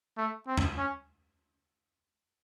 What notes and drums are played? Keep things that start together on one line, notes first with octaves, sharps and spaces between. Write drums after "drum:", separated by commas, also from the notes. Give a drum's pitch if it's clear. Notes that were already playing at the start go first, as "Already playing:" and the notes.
A3
C4
drum: tom E2
C#4